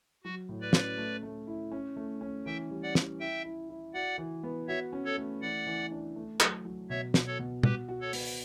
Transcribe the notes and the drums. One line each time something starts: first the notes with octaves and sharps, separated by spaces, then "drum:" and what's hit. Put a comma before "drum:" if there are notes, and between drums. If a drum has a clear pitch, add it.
F#3 F#4
A2
B4 D5
C#4, drum: snare
A3
A3
E4
C#4
A3
C#4
E3 E5 G5
G3
D5 F#5
C#4, drum: snare
E4 E5 G5
E4
E4
F#4 D5 F#5
E3
B3
F#4 C#5 E5
C#4
A4 C#5
A3
E3 D5 F#5
E3
D4
A3
F#3, drum: clap
F#3
B2 C#5 E5
B2, drum: snare
A4 C#5
B2
F#4 G4 B4, drum: tom
F#4
A4 C#5
B3, drum: open hi-hat